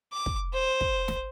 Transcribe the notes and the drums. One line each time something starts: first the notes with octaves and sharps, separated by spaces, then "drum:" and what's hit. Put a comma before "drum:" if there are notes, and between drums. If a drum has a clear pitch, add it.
D6
drum: kick
C5
drum: kick
drum: snare